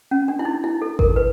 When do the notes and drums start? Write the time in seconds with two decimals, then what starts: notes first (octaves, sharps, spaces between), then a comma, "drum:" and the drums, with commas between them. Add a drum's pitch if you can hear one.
0.11 C#4
0.28 D4
0.39 E4
0.45 D#4
0.64 E4
0.82 A4
0.99 A#4, drum: kick G#1
1.16 B4